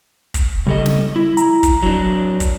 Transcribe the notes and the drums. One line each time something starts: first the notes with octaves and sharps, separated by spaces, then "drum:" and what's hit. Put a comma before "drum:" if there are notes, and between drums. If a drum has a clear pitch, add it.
drum: kick, hi-hat
C#3 G3 A4 D#5
drum: snare
E4
A#5, drum: hi-hat
drum: kick, hi-hat
F#3 D4
drum: kick, hi-hat